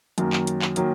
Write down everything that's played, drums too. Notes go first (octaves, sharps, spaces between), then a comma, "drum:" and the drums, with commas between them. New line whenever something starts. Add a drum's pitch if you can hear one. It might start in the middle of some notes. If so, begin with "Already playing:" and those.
F#2 D#3 F#3 A#3, drum: hi-hat
drum: clap
drum: hi-hat
drum: clap
D#3 F#3 A#3, drum: hi-hat